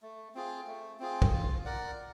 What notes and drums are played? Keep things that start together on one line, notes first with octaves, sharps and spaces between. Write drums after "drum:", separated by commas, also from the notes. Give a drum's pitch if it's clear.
A3
C4 F4 G#4
A3
C4 F4 G#4
drum: kick
F4
A#4 D5 F#5